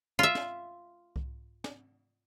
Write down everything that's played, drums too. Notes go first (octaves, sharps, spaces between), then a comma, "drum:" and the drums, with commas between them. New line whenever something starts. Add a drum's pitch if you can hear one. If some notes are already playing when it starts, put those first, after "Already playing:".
F4 E5
drum: snare
drum: kick C2
drum: snare